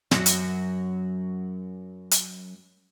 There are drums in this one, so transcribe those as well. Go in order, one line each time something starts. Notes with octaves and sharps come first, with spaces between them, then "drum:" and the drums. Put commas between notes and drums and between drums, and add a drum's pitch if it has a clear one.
F#2 F#3, drum: snare
drum: hi-hat
drum: hi-hat